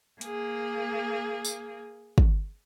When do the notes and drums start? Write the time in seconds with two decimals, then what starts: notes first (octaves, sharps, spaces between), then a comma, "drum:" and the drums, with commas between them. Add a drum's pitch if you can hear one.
0.21 A#3 G#4, drum: hi-hat
1.45 drum: tambourine
2.18 drum: kick